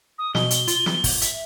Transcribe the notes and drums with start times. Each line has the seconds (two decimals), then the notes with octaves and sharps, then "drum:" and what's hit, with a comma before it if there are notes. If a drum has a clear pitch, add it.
0.19 D#6
0.35 B2 G7, drum: snare
0.51 drum: hi-hat
0.68 F4, drum: hi-hat
0.86 drum: snare
1.04 drum: kick, open hi-hat
1.22 E5, drum: hi-hat